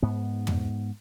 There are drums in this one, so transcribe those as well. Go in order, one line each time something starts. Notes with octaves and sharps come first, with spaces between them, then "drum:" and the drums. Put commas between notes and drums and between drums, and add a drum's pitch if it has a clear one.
G#2 B3
drum: tom